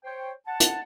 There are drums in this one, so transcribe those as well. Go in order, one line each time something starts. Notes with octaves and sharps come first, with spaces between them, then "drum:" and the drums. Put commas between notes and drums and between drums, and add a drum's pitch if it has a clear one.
C5 C#5 G5
F#5 A5
drum: hi-hat